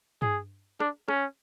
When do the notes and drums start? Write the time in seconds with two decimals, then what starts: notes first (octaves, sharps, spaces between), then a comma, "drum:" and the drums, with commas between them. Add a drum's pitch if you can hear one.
0.22 G#4, drum: tom G2
0.80 D4, drum: rim click
1.08 C#4, drum: rim click